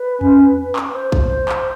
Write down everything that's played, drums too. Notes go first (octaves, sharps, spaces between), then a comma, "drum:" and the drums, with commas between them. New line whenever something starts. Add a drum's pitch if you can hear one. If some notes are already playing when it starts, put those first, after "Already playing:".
Already playing: B4
C#4, drum: tom E2
drum: clap
C5
drum: kick A1
drum: clap